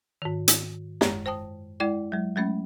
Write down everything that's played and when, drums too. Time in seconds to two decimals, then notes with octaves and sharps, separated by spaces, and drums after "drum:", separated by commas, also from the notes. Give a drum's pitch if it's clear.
0.22 G#2 D#3
0.48 drum: hi-hat
1.01 F#2 G#3 C#5 A#5, drum: snare
1.26 C5 G5 A5 D#6
1.80 G#3 E4 D5 G5
2.12 F#3 G#3
2.36 F#3 G#3 A3 C#4